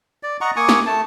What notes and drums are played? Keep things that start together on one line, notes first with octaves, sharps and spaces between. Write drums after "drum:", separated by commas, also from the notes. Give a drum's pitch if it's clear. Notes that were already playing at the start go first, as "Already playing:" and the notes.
D5
D#5 F#5 A#5 C#6
A#3 G#5 C#6 D#6
drum: snare
A3 A5